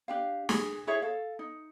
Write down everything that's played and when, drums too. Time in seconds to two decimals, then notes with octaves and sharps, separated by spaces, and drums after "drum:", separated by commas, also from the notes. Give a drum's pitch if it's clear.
0.08 D4 G4 F5
0.49 G#4, drum: snare
0.87 E4 G#4 C#5 E5
1.02 A4 F5
1.39 D#4